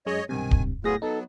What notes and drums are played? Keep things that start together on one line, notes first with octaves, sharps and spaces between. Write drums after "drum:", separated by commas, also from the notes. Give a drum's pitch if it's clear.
F#2 G#3 C#5 D#5
B1 G2 C3 D#3 G#5
drum: kick
A2 F#3 B3 F4 G#4 A#6
F#3 B3 D#4 A4